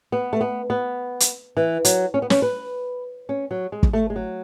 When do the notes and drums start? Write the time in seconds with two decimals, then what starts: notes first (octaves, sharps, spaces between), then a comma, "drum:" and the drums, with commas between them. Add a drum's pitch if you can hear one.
0.12 B3
0.33 A3
0.41 B3
0.70 B3
1.20 drum: hi-hat
1.57 E3
1.85 F#3, drum: hi-hat
2.14 C#4
2.22 B3
2.30 C#4, drum: snare
2.42 B4
3.29 C#4
3.51 F#3
3.72 G#3
3.83 drum: kick
3.93 A3
4.10 G#3
4.16 F#3